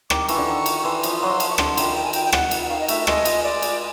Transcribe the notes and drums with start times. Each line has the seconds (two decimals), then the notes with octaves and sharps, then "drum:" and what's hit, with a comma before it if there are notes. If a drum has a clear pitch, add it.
0.10 D#3 D6, drum: rim click
0.28 E3 C#6, drum: cymbal
0.37 D3
0.48 D#3
0.66 drum: cymbal
0.84 E3 C6
1.03 F3, drum: cymbal
1.22 F#3 C6
1.30 F3
1.40 drum: cymbal
1.50 C#6
1.58 D3 C6, drum: rim click
1.77 D#3, drum: cymbal
1.95 G5
2.04 G#5
2.13 G5, drum: cymbal
2.25 G5
2.32 F#5, drum: rim click
2.51 drum: cymbal
2.63 F#5
2.69 D#3 F5
2.80 D#5
2.88 A3 E5, drum: cymbal
3.07 G#3 D#5, drum: rim click
3.25 drum: cymbal
3.43 D5
3.62 drum: cymbal